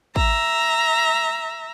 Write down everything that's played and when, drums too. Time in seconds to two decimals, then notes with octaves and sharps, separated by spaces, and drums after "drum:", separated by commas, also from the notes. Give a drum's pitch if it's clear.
0.16 E5 A#5, drum: kick